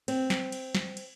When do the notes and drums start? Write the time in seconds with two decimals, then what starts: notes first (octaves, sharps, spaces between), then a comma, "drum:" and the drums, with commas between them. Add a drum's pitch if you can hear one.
0.08 C4, drum: cymbal
0.30 drum: snare
0.52 drum: cymbal
0.75 drum: snare
0.97 drum: cymbal